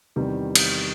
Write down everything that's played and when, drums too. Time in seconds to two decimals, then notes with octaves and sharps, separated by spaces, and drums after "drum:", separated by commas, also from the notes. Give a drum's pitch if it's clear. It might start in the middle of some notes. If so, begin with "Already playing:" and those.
0.16 E2 C3 D#3 G3
0.55 drum: cymbal